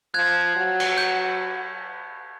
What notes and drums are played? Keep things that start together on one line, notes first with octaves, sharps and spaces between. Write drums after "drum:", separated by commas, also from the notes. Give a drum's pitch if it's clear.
F3 F#6 G#6
F#3
drum: cymbal
G6